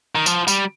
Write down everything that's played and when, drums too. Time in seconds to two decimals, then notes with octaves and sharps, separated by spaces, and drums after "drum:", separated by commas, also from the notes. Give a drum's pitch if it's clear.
0.15 D#3
0.26 F3, drum: tambourine
0.48 G3, drum: tambourine